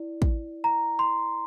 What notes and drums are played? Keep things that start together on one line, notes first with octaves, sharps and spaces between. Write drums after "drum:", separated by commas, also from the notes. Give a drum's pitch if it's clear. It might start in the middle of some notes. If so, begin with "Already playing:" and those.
Already playing: E4 D5
drum: kick
A#5
C6